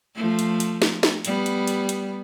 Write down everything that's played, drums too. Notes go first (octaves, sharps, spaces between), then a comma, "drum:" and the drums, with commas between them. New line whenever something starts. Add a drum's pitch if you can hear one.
F3 A3
drum: hi-hat
drum: hi-hat
drum: snare
drum: snare
G3 B3, drum: hi-hat
drum: hi-hat
drum: hi-hat
drum: hi-hat